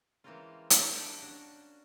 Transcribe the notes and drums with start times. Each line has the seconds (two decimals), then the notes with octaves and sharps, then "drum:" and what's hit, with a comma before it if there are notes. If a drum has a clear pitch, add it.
0.24 E3 G#3 A#3 C4 C#4 F4
0.70 F3 D4 A#4 E5, drum: hi-hat
0.94 G3 D4 G4 D5 D#5 G5
1.22 C#4 D4 F#4